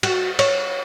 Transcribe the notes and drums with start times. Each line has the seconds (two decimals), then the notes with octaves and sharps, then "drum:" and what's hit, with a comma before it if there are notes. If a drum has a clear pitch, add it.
0.03 F#4, drum: cymbal
0.39 C#5, drum: cymbal